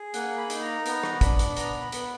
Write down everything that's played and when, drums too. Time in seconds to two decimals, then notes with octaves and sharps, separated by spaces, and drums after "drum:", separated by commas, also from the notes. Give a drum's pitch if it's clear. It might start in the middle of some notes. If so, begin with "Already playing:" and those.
Already playing: G#4
0.14 A#3 F#5, drum: hi-hat
0.37 B5
0.50 D#4, drum: hi-hat
0.62 A#5
0.86 B3 A#5, drum: hi-hat
1.03 drum: rim click
1.21 D4 B5, drum: kick, hi-hat
1.39 drum: hi-hat
1.57 B3 A#5, drum: hi-hat
1.81 B5
1.92 B3 B5, drum: hi-hat